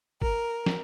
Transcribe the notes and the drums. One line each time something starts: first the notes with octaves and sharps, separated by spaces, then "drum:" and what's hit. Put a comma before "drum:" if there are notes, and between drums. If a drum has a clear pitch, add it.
A#4, drum: kick
drum: snare